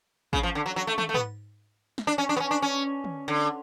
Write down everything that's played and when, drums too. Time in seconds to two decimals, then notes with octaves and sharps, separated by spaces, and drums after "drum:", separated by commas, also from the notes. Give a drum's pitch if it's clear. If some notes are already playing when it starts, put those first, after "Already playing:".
0.33 C#3, drum: kick
0.43 F3
0.55 D3
0.66 F#3
0.76 F#3
0.87 A3
0.98 A3, drum: tom
1.09 A3
1.14 B3, drum: tom G#2
1.98 drum: snare
2.07 D4
2.18 C#4
2.29 D4
2.37 B3
2.40 C#4
2.51 D4
2.62 C#4
3.04 drum: tom
3.28 D3